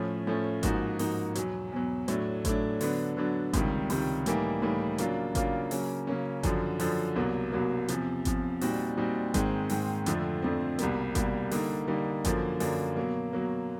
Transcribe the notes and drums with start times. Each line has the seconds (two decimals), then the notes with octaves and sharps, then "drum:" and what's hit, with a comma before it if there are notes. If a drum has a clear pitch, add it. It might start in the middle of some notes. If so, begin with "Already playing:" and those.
Already playing: A2 F3 A3 C#4
0.27 A2 F3 A3 C#4
0.63 G#2 F3 A#3 D#4 F#4, drum: kick G#1, hi-hat
0.99 G#2 F3 A#3 D#4 F#4, drum: open hi-hat
1.35 E2 B2 F#3, drum: hi-hat
1.72 E2 B2 F#3
2.08 A2 F#3 A3 D4, drum: hi-hat
2.45 A2 F#3 A3 D4, drum: kick G#1, hi-hat
2.81 D3 F#3 B3 D4, drum: open hi-hat
3.17 D3 F#3 B3 D4
3.53 C#2 C3 D#3 G3, drum: kick G#1, hi-hat
3.90 C#2 C3 D#3 G3, drum: open hi-hat
4.26 A2 E3 G3 A#3 D#4, drum: hi-hat
4.62 A2 E3 G3 A#3 D#4
4.98 C#3 F#3 A#3 D4 F4, drum: hi-hat
5.35 C#3 F#3 A#3 D4 F4, drum: kick G#1, hi-hat
5.71 C#3 F#3 A#3 C#4, drum: open hi-hat
6.07 C#3 F#3 A#3 C#4
6.43 F#2 D3 F3, drum: kick G#1, hi-hat
6.80 F#2 D3 F3, drum: open hi-hat
7.16 C2 B2 F#3 A#3
7.52 C2 B2 F#3 A#3
7.88 E2 C3 F3, drum: hi-hat
8.25 E2 C3 F3, drum: kick G#1, hi-hat
8.61 A#2 G3 C4 D#4 F#4, drum: open hi-hat
8.97 A#2 G3 C4 D#4 F#4
9.34 G#2 D#3 G#3 C4, drum: kick G#1, hi-hat
9.70 G#2 D#3 G#3 C4, drum: open hi-hat
10.06 F2 D3 F3 A3 C4, drum: hi-hat
10.42 F2 D3 F3 A3 C4
10.79 C2 B2 G3 A#3, drum: hi-hat
11.15 C2 B2 G3 A#3, drum: kick G#1, hi-hat
11.51 D3 G3 A#3 D#4, drum: open hi-hat
11.88 D3 G3 A#3 D#4
12.25 F#2 D3 F3 A#3, drum: kick G#1, hi-hat
12.60 F#2 D3 F3 A#3, drum: open hi-hat
12.97 B2 F#3 A#3
13.33 B2 F#3 A#3